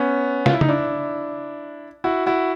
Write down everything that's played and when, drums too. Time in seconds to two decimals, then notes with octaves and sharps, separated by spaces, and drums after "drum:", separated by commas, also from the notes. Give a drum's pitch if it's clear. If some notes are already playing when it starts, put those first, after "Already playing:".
Already playing: B3 C#4
0.46 F4, drum: snare
0.53 E4
0.61 D#4, drum: tom C#3
0.69 D4 E4
2.04 E4 F#4
2.26 E4 F#4